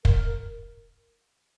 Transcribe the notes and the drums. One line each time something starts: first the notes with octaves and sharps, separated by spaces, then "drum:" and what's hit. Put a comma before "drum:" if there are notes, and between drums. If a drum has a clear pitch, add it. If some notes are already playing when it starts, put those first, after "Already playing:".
A#4, drum: kick